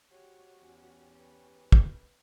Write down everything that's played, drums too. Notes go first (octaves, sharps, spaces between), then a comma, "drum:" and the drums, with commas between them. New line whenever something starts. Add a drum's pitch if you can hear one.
G#2 F#4 G4 C#5
E2 C#4
B4
drum: kick